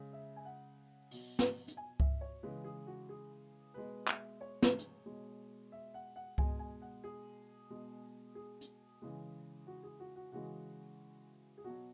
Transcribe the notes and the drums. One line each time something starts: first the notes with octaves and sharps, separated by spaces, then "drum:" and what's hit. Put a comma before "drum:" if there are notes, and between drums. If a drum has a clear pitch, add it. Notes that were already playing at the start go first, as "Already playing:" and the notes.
Already playing: C#3 G#3
E5
G#5
F#5
B2 F#3, drum: open hi-hat
drum: snare
drum: hi-hat
G#5
E5, drum: kick C#2
C#5
C#3 E3 G#3 B4
G#4
F#4
G#4
B2 G#3 B4
E5, drum: clap
C#5
drum: snare
drum: hi-hat
B2 G#3
E5
F#5
F#5
B2 G#3 G#5, drum: kick C#2
G#5
F#5
G#4
B2 G#3
G#4
drum: hi-hat
C#3 E3 G#3
F#4
G#4
F#4
F#4
C#3 E3 G#3 F#4
G#4
B2 F#3 F#4